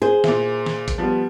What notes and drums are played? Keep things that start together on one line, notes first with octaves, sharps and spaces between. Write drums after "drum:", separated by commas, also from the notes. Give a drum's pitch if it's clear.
G#4 C5
A#2 E4, drum: snare
drum: snare
drum: kick, hi-hat
F3 G3 B3